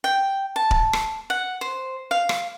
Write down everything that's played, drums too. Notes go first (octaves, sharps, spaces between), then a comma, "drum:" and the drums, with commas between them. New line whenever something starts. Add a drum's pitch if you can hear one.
G5
A5
drum: kick D1
drum: rim click
F#5
C5
F5
drum: rim click